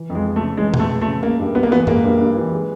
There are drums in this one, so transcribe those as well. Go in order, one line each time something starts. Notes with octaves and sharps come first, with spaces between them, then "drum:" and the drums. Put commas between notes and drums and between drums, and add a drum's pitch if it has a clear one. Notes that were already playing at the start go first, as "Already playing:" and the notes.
Already playing: E3
F2
G#3
G#3
A3
C#3
E3 G#3
F2, drum: tom A#2
A3
G#3
A3
C#3
G#3 A#3
G2
G2 B3
A#3
E3 B3
G#3 A#3, drum: tom F#2
G2
G2
E3
G#3